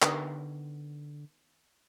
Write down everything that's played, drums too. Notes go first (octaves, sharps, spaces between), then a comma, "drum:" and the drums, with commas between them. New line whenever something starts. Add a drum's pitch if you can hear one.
D3 D#3 B3 G4, drum: clap